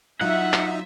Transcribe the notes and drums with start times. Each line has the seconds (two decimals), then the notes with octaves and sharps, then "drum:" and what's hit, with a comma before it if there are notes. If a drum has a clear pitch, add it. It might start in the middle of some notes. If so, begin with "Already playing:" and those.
0.21 F#3 D#4 F4 E5 F#5
0.53 drum: clap